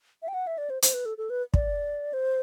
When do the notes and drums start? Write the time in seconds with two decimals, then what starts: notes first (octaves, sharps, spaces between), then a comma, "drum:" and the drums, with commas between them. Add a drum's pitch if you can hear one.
0.22 E5
0.28 G5
0.34 F#5
0.47 E5
0.58 D5
0.70 C5
0.82 C5, drum: hi-hat
0.94 B4
1.05 A4
1.18 A4
1.30 B4
1.54 D5, drum: kick
2.13 C5